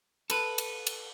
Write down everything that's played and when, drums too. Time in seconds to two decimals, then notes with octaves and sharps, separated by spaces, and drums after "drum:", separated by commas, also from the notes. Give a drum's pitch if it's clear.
0.30 A4 B4, drum: cymbal
0.58 drum: cymbal
0.87 drum: cymbal